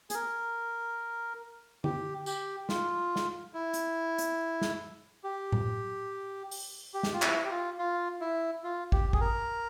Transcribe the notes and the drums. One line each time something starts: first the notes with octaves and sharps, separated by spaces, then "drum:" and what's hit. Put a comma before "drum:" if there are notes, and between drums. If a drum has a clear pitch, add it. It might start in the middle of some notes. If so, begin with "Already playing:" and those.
G#4, drum: hi-hat
A#4
G4, drum: tom D3
G4, drum: tambourine
F4, drum: snare
drum: snare
E4
drum: hi-hat
drum: hi-hat
drum: snare
G4
drum: tom A2
drum: open hi-hat
G4
drum: snare
F4
E4, drum: clap
G4
F4
F4
E4
F4
G4, drum: kick
G#4, drum: kick
A#4